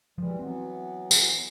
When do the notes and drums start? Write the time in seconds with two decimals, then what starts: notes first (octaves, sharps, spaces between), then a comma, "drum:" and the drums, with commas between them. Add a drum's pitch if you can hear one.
0.18 E3 F3 G3 G#3
0.39 E3 F#3 B3 C4
1.11 drum: tambourine